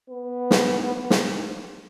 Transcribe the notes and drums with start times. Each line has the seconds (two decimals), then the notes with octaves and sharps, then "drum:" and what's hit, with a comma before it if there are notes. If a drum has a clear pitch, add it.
0.10 B3
0.51 drum: snare
1.10 drum: snare